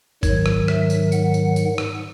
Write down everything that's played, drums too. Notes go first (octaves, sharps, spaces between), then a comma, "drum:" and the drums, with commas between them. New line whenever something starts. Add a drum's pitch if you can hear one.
G#2 D#3 F#3 C#5, drum: kick G1, tambourine
drum: rim click
E5, drum: rim click
drum: tambourine
F#5, drum: tambourine
drum: tambourine
drum: tambourine
drum: rim click